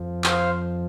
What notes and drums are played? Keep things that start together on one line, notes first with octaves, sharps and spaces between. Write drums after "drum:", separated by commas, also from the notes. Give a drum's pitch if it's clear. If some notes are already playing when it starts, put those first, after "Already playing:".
Already playing: F2 F3
C5 F5, drum: clap